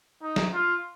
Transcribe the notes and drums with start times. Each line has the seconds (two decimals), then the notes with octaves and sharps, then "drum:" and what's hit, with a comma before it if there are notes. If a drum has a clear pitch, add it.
0.22 D#4
0.36 drum: snare
0.53 F4